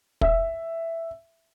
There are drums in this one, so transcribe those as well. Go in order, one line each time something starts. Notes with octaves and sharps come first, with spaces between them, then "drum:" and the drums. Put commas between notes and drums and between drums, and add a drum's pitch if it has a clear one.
E5, drum: kick